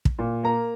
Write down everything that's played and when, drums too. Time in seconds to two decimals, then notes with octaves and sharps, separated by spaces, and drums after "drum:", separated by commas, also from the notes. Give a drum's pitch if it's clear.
0.05 drum: kick
0.19 A#2
0.43 A#3 A#5